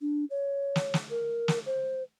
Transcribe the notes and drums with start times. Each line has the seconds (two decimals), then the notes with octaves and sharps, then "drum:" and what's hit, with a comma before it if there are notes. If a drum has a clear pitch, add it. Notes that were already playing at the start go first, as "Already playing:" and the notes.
0.01 D4
0.30 C#5
0.76 drum: snare
0.94 drum: snare
1.10 A#4
1.48 drum: snare
1.66 C5